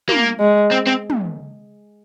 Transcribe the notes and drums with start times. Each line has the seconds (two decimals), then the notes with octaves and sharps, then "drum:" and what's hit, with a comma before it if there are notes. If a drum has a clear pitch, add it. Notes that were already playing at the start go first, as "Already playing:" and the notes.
0.09 A#3, drum: tom
0.40 G#3
0.72 C4
0.87 C4
1.10 drum: tom